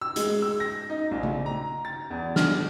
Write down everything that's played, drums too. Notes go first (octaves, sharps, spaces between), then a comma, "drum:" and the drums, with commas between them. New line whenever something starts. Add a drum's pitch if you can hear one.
E6
G#3, drum: hi-hat
E6
A#6
D#4
A#1
drum: tom C#3
A#5
A6
E2
F6, drum: snare